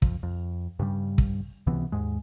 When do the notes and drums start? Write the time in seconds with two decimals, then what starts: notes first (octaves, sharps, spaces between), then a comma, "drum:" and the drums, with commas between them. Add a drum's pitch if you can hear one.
0.02 F2, drum: kick
0.23 F2
0.79 G2 C#3 G3
1.18 drum: kick
1.67 C#2 C3 E3 B3
1.92 D#2 G#2 G#3